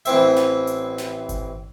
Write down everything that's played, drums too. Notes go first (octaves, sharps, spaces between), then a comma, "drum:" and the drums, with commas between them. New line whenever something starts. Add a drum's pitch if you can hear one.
A1 E3 C4 E5, drum: hi-hat
drum: snare
drum: hi-hat
drum: snare
drum: kick G1, hi-hat